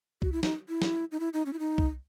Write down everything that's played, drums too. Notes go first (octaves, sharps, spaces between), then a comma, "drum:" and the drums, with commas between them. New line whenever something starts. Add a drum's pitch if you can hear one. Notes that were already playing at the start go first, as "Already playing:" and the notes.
F#4, drum: kick
E4
D#4, drum: snare
E4
drum: snare
D#4
E4
D#4
C#4
E4
D#4
drum: kick